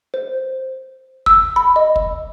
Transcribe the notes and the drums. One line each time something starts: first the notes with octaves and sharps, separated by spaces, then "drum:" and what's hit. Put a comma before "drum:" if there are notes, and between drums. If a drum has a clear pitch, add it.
C5
E6, drum: kick
B5
D#5
drum: kick